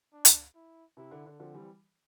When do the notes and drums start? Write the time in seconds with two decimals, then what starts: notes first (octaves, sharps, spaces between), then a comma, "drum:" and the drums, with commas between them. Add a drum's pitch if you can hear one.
0.13 D4
0.25 drum: hi-hat
0.55 E4
0.97 C3 E4
1.11 D3
1.26 D3
1.40 D3 F3 C4
1.54 E3 G3